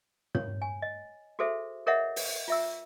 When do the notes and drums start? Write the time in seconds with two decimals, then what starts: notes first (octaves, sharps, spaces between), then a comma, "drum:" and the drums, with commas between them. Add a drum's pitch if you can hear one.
0.35 C#5, drum: tom
0.62 G#5
0.82 D#5
1.39 F#4 G#4 A4 C5 E5
1.87 G#4 A#4 C#5 D#5 E5 F#5
2.16 drum: open hi-hat
2.48 F4 E5 E6